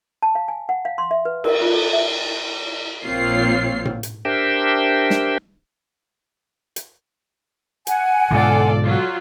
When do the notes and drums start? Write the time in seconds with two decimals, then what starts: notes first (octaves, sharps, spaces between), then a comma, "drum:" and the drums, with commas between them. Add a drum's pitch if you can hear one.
0.22 A5
0.35 F5
0.48 G#5
0.69 F#5
0.85 F5
0.98 C6
1.11 E5
1.25 B4
1.44 A#4, drum: cymbal
1.61 F4
1.74 A4
1.93 E5
3.05 A#1 A#3 C4 F4 C#5 C7
3.85 drum: tom A2
4.03 drum: hi-hat
4.25 D4 G4 A#4 C5 E5 G5
5.10 drum: snare
6.76 drum: hi-hat
7.87 F#5 G#5, drum: hi-hat
8.31 G#2 B2 D3 F4 A4 D5
8.82 F#3 F4